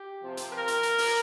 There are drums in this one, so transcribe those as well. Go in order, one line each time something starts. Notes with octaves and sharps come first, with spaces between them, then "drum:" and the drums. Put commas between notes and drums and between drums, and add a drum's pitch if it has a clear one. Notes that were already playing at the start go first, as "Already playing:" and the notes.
Already playing: G4
C3 F3 C4
drum: hi-hat
A#4
drum: hi-hat
drum: hi-hat
drum: open hi-hat